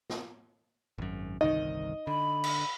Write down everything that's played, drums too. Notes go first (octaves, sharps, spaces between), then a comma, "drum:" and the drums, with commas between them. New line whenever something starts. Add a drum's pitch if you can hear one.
drum: snare
G#1 F#2
G1 C2 D#3 D#4 D#5
D3 B5
drum: cymbal